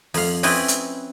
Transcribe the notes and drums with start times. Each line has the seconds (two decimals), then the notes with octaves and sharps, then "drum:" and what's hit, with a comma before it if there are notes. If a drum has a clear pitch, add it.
0.14 F2 F5, drum: open hi-hat
0.43 C4 C#4 E4 B4 D#5 G5, drum: open hi-hat
0.68 drum: hi-hat